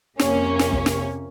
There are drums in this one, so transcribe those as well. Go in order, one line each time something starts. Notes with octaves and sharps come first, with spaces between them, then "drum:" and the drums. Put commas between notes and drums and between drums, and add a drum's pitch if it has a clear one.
F2 C3 A#3 C#4, drum: snare
drum: snare
drum: kick
drum: snare